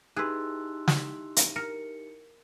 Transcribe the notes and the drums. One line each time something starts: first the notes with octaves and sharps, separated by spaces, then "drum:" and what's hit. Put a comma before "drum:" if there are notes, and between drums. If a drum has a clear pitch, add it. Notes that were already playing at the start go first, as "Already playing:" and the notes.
D#4 E4 G4 G#4 B4 C6 E6 F#6
drum: snare
drum: hi-hat
A#4 C#7